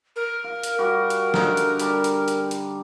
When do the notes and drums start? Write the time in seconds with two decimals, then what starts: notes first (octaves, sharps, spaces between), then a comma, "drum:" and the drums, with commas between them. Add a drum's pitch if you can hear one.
0.16 A#4
0.44 F5
0.63 drum: hi-hat
0.78 G3 F#4 A#4
1.10 drum: hi-hat
1.34 D3 D#4, drum: snare
1.57 drum: hi-hat
1.79 G3 A5, drum: hi-hat
2.04 drum: hi-hat
2.28 drum: hi-hat
2.51 drum: hi-hat